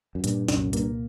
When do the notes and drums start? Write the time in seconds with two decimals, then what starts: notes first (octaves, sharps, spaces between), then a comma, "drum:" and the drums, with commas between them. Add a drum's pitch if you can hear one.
0.15 F#2
0.24 G2 A#2, drum: hi-hat
0.48 C2 F#2, drum: snare
0.73 G2 A#3, drum: hi-hat